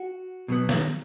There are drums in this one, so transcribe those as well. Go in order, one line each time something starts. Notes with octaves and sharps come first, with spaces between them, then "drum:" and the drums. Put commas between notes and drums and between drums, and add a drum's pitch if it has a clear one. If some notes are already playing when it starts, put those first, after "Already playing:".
Already playing: F#4
B2 F#3 B3
drum: snare